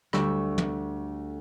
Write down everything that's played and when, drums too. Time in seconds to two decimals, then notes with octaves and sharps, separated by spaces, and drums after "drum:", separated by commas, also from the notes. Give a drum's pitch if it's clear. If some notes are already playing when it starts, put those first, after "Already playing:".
0.13 D2 G3 G4 C#6 E6, drum: rim click
0.58 drum: tom